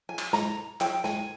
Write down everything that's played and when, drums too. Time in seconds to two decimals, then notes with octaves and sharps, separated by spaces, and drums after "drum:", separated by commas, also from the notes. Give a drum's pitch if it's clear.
0.09 G#5
0.19 drum: clap
0.33 A#5, drum: snare
0.81 G5, drum: clap
1.04 G#5, drum: snare